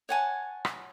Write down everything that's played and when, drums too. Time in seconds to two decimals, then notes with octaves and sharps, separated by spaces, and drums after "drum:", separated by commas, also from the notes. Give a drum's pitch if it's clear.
0.09 C#5 F#5 G#5 A5
0.65 drum: rim click